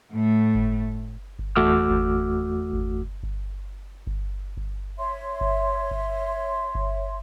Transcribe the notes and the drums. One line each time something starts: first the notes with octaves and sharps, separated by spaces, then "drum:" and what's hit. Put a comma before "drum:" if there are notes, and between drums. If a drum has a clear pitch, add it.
A2 A3
drum: kick G1
drum: kick G1
E2 A3 F#4 D6 E6 F6
drum: kick G1
drum: kick G1
drum: kick G1
drum: kick G1
drum: kick G1
C#5 E5 C6
drum: kick G1
drum: kick G1
drum: kick G1